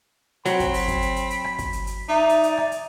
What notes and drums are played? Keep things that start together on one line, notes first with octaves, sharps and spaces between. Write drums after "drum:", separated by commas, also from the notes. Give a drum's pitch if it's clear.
F#3 C4 B5, drum: hi-hat
drum: kick, hi-hat
drum: open hi-hat
drum: kick, hi-hat
drum: hi-hat
drum: hi-hat
drum: hi-hat
drum: rim click
drum: kick, hi-hat
drum: hi-hat
drum: hi-hat
D#4 D5 E5
drum: hi-hat
drum: hi-hat
drum: rim click
drum: hi-hat